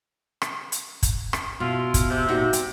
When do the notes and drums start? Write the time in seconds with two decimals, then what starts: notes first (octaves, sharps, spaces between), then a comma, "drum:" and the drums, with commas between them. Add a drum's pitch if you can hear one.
0.42 drum: rim click
0.72 drum: hi-hat
1.03 drum: kick, hi-hat
1.33 drum: rim click
1.60 B2 E4 F4
1.94 drum: kick, hi-hat
2.09 C3
2.29 A#2 D#4 F#4
2.53 G5, drum: hi-hat